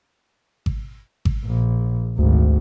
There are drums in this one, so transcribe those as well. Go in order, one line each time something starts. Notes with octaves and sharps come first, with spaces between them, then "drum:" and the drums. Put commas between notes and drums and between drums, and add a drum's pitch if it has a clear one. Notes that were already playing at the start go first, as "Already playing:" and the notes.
drum: kick G#1
drum: kick G#1
A#1
G#1 D2